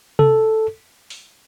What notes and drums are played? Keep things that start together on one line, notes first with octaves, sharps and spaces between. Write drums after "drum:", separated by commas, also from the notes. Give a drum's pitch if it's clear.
A4, drum: tom C3
drum: open hi-hat